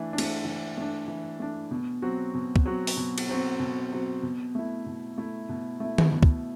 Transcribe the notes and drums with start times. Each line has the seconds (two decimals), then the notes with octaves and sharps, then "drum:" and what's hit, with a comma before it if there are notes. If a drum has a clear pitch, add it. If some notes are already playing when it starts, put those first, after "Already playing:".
Already playing: E3 A3 D4
0.13 D4
0.18 A3, drum: cymbal
0.45 E3
0.77 A3 D4
1.08 E3
1.39 A3 D4
1.71 B2
2.02 F#3 C4 F#4
2.34 B2
2.56 drum: kick
2.66 F#3 C4 F#4
2.87 drum: open hi-hat
2.97 B2
3.18 drum: cymbal
3.29 F#3 C4 F#4
3.60 B2
3.92 F#3 C4 F#4
4.23 B2
4.55 A3 E4
4.86 B2
5.18 A3 E4
5.49 B2
5.80 A3 E4
5.98 drum: tom D#3
6.12 B2
6.23 drum: kick